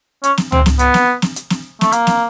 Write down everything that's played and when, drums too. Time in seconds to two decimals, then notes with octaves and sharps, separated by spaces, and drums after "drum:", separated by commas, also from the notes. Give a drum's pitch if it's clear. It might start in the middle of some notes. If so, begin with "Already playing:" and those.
0.24 C#4, drum: hi-hat
0.37 drum: snare
0.52 C4, drum: tom C#2
0.66 drum: snare
0.79 B3, drum: hi-hat
0.94 drum: snare
1.22 drum: snare
1.36 drum: hi-hat
1.50 drum: snare
1.81 A3, drum: snare
1.92 A#3, drum: hi-hat
2.07 drum: snare